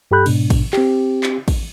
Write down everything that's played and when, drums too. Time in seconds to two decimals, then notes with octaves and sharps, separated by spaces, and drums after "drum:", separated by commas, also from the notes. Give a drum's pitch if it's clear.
0.11 G2 G4 A4 B5 F#6 G6
0.26 G#2 B2 D4, drum: cymbal
0.50 drum: kick, cymbal
0.73 C4 G4, drum: clap
1.23 drum: clap
1.48 drum: kick, cymbal